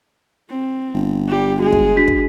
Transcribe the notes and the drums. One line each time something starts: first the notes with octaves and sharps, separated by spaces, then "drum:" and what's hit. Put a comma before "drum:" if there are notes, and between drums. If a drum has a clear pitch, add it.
C4
G1
G3 G4
G#3 F#4 G#4
drum: kick
D4 F#4 B6
drum: kick